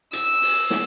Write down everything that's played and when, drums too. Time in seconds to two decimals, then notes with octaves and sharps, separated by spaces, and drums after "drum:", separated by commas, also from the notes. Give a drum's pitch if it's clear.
0.13 E6, drum: hi-hat
0.42 drum: open hi-hat
0.70 drum: snare